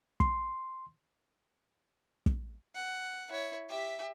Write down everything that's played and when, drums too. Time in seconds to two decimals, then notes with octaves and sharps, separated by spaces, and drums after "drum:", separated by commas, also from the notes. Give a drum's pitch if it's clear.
0.20 C6, drum: kick
2.26 drum: kick
2.75 F#5
3.29 E4 C#5
3.69 G4 E5